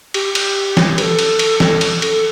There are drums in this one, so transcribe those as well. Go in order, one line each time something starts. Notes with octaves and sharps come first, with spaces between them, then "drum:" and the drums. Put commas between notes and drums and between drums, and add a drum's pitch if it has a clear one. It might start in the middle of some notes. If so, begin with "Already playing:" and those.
G4, drum: cymbal
drum: cymbal
drum: snare
B4, drum: cymbal
A4
drum: cymbal
drum: cymbal
drum: snare
drum: cymbal
A4, drum: cymbal